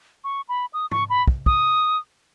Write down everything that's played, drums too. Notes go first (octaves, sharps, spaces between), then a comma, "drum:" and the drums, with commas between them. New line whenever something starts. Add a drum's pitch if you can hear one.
C#6
B5
D#6
C#6, drum: tom
B5
drum: kick
D#6, drum: kick